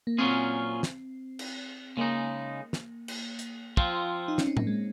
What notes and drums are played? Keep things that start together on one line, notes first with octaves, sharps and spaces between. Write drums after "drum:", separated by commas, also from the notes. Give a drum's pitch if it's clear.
A#3
A#2 F#3 C4 C#4 F4 G#4
drum: snare
drum: cymbal
C#3 G#3 A#3 D#4
drum: snare
drum: cymbal
drum: hi-hat
F3 C4 F4, drum: kick
D#4
C#4, drum: snare
C4
A#3, drum: tom A2
G#3